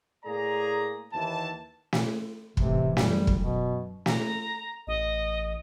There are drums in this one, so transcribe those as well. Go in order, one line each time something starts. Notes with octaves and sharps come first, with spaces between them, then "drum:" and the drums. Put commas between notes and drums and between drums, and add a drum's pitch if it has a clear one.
A2 A#3 G#4 D5 A#5
D#2 E3 A5
drum: snare
A1 C3 E3, drum: kick
F#2 G3, drum: snare
drum: kick
B2
A#5, drum: snare
A1 D#5